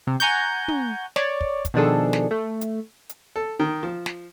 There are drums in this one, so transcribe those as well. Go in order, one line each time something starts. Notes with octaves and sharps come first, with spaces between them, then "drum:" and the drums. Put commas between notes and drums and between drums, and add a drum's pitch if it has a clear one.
C3
F#5 G#5 A#5 C#6 G6, drum: hi-hat
drum: tom
C#5 D5, drum: snare
drum: kick
drum: kick, hi-hat
B2 D#3 F3 D4 G#4 A4
drum: snare
A3
drum: hi-hat
drum: hi-hat
A4
D#3
F3
drum: snare